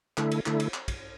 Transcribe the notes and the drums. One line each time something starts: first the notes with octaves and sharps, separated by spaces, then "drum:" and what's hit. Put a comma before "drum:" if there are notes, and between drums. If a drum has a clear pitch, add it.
D3 A3 E4, drum: clap
drum: cymbal
D3 A3 E4, drum: clap
drum: cymbal
drum: clap
drum: kick, cymbal